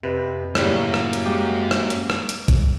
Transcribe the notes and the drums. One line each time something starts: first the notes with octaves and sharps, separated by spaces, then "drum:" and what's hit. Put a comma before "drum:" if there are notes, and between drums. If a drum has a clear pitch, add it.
F2 C3 B4
F#2 A2 C#3 G3 A#3, drum: rim click
drum: rim click
drum: hi-hat
G#2 G4
drum: rim click
drum: hi-hat
drum: rim click
drum: hi-hat
drum: kick A#1, hi-hat